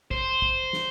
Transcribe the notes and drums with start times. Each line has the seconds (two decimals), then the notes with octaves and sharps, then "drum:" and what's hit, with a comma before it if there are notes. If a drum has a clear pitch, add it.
0.11 C5, drum: kick
0.42 drum: kick
0.73 drum: snare